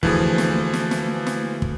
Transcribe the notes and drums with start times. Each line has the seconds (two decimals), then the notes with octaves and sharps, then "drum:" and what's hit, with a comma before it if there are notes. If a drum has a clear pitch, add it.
0.03 D2 E3 F3 G#4, drum: kick
0.38 drum: snare
0.74 drum: snare
0.91 drum: snare
1.27 drum: snare
1.62 drum: kick